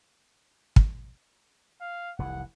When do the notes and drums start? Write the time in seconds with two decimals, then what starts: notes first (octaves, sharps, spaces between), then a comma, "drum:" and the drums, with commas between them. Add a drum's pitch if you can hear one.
0.76 drum: kick
1.81 F5
2.19 F1 C2 E3 F#5